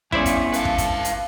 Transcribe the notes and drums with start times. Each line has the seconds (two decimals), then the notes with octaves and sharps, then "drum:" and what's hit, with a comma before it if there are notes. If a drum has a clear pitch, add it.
0.12 G2 B3 C#4 E4 G#4 C5 D5, drum: kick
0.26 drum: kick, hi-hat
0.53 A4 B4 F5, drum: hi-hat
0.65 drum: kick
0.78 drum: kick, hi-hat
1.05 drum: hi-hat